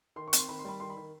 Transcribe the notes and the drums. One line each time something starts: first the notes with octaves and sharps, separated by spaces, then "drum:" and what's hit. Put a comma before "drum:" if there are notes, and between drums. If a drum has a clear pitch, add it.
D#3 C6
C#6
C4, drum: hi-hat
C6
D#3 B5
C6
G3 B5
D#3 C6
B5
D#3